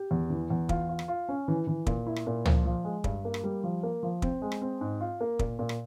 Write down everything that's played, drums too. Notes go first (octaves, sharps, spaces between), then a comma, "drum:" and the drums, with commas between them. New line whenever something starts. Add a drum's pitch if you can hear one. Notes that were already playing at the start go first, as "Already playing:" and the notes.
Already playing: G4
E2
E3
E2
F4, drum: kick
F4
drum: rim click
F4
C#4
E3
E3
A#2, drum: kick
E4
drum: rim click
A#2
F3, drum: tom
F3
G#3
G2, drum: kick
A#3
drum: rim click
G3
F3
A#3
F3
C4, drum: kick
G#3
drum: rim click
C4
G#2
F4
A#3
A#2, drum: kick
A#2
drum: rim click